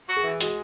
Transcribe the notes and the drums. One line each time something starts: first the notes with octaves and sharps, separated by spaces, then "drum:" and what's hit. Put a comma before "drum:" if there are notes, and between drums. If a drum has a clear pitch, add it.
F#4
G#4
E3
G#3 F#4, drum: hi-hat